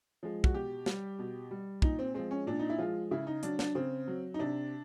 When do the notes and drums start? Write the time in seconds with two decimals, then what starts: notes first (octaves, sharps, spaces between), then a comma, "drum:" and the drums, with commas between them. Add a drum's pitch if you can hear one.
0.23 F3 G#3
0.44 F#4, drum: kick
0.54 B2 G4
0.86 G3, drum: snare
1.19 B2
1.51 G3
1.82 A#2 D#4, drum: kick
1.99 C4
2.14 F3 G#3 C4
2.31 C#4
2.47 A#2 D4
2.59 D#4
2.70 E4
2.78 F3 G#3 F4
3.11 C#3 E4
3.27 D#4
3.43 F#3 D4, drum: hi-hat
3.59 D4, drum: snare
3.75 C#3 C4
4.07 F#3
4.34 D#4
4.39 C3 D4